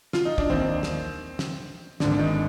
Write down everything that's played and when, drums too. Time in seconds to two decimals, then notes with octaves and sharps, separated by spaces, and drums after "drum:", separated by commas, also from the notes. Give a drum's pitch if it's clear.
0.13 F4, drum: snare
0.25 D#4
0.38 D4, drum: kick
0.50 D#2 D#3 C4
0.83 drum: snare
1.39 drum: snare
2.00 G#1 G#2 D3 D#3 D4, drum: snare
2.11 D4
2.19 D#3 D#4